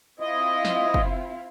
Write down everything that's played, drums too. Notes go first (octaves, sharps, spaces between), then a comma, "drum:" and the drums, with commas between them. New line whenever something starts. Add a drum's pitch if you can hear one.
C4 E4 F4 D#5
drum: snare
drum: kick